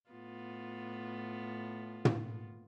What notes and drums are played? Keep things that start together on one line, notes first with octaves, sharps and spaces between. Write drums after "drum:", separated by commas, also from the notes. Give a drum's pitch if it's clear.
A2 B3 F4
drum: tom